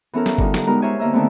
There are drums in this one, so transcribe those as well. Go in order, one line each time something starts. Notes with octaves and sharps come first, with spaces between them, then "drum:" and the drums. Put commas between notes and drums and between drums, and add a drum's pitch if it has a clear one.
E3 B3 C#4 A4 A#4
drum: snare
D3 G3 D#4 F4, drum: kick G1
drum: snare
G#3 B3 D#4 G4 A#4
A#4 C5 C#5 E5 G#5
D3 A#3 A#4 D#5 E5 E6
D3 D#3 A3 B3 C4